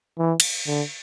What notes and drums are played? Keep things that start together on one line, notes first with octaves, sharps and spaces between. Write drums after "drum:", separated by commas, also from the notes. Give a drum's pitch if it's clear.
E3
drum: cymbal
D3